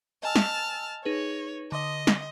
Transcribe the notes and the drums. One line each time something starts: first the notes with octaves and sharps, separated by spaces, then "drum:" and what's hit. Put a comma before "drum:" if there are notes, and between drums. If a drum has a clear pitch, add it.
D#5 G#5 A5 E6 F6
drum: snare
D#4 G#4 B4 C#5
D3 D#5 C6 D#6
drum: snare